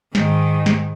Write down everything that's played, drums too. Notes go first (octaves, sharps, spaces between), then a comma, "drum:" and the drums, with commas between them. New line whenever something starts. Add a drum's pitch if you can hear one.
G#2 D#3, drum: snare
drum: snare